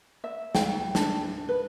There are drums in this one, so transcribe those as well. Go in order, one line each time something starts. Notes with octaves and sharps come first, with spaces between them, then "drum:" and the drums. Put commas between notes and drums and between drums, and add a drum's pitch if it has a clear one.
E5
G5, drum: snare
D4, drum: snare
B4